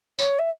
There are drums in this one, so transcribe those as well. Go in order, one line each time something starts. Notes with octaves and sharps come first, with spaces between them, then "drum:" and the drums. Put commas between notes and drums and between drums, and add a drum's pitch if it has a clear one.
C#5, drum: tambourine
E5